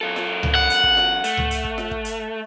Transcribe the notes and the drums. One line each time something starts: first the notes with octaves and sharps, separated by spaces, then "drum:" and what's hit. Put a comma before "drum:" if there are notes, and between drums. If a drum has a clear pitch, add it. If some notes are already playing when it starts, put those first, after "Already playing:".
F#2 A4
drum: snare F4
drum: tom C#2
F#5
drum: hi-hat
drum: kick
drum: snare F4
A3, drum: hi-hat
drum: tom C#2
drum: hi-hat
drum: kick
drum: snare F4
drum: kick
drum: hi-hat